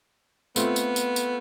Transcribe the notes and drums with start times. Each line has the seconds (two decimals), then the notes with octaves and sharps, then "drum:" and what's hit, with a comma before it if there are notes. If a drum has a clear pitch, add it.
0.56 A3 B3 C4 F4, drum: tambourine
0.76 drum: tambourine
0.96 drum: tambourine
1.16 drum: tambourine